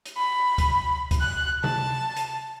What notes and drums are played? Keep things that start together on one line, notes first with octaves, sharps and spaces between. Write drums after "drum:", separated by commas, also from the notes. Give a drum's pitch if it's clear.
drum: hi-hat
B5
drum: kick C#2, hi-hat
drum: kick C#2, hi-hat
F#6
A5, drum: tom C3
drum: hi-hat